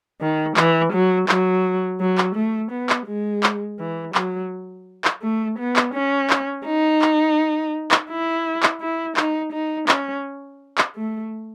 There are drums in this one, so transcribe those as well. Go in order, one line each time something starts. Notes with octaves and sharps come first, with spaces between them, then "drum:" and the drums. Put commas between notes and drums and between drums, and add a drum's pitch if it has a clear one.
D#3
E3, drum: clap
F#3
F#3, drum: clap
F#3
drum: clap
A3
B3
drum: clap
G#3
drum: clap
E3
F#3, drum: clap
drum: clap
A3
B3
drum: clap
C#4
drum: clap
D#4
drum: clap
drum: clap
E4
drum: clap
E4
D#4, drum: clap
D#4
C#4, drum: clap
drum: clap
A3